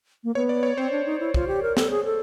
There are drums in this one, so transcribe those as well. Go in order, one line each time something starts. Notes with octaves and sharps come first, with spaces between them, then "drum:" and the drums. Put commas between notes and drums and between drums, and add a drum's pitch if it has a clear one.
A#3
B3 C#5
D5
C#5
C4 C5
D4
D#4
E4
F4, drum: kick
G4
A#4
A4, drum: snare
G#4
A4